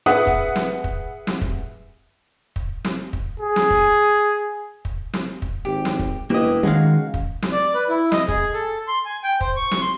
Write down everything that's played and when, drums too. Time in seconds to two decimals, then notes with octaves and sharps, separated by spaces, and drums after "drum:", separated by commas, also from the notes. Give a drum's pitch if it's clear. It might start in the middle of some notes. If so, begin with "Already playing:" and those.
0.06 G#4 B4 E5 F#5 D#6
0.27 drum: kick
0.56 drum: snare
0.84 drum: kick
1.27 drum: snare
1.41 drum: kick
2.56 drum: kick
2.85 drum: snare
3.13 drum: kick
3.40 G#4
3.56 drum: snare
3.70 drum: kick
4.85 drum: kick
5.13 drum: snare
5.42 drum: kick
5.65 G#1 G4
5.85 drum: snare
5.99 drum: kick
6.30 E1 A#3 E4 G4 B4 D#5
6.63 D#3 G#3 C#4 F#4 F5
7.14 drum: kick
7.42 drum: snare
7.52 D5
7.74 B4
7.89 E4
8.12 D#5, drum: snare
8.28 G#4, drum: kick
8.54 A4
8.88 C6
9.05 G#5
9.24 G5
9.41 C5, drum: kick
9.56 C#6
9.71 drum: snare
9.81 C6